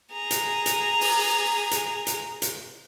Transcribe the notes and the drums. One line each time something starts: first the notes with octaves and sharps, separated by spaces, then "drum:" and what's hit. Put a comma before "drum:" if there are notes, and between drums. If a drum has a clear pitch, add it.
G#4 A#5
drum: hi-hat
drum: hi-hat
drum: open hi-hat
drum: hi-hat
drum: hi-hat
drum: hi-hat